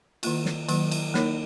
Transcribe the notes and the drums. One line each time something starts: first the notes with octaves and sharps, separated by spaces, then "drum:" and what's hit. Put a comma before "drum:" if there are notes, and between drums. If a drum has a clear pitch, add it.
D#3 A#3 F4, drum: cymbal
drum: snare
D#3 F#3 A#3, drum: cymbal
drum: cymbal
A#3 D#4 A#4 C#5, drum: snare